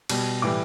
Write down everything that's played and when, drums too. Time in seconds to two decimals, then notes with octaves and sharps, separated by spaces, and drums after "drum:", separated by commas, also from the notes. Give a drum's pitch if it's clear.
0.09 B2 G3, drum: cymbal
0.42 A2 E3 G3 D6